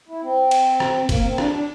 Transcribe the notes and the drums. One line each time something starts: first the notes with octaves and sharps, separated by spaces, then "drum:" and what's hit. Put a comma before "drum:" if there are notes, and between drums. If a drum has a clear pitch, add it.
E4
C4
drum: cymbal
drum: rim click
A#3, drum: kick, cymbal
C4
D4, drum: rim click
D4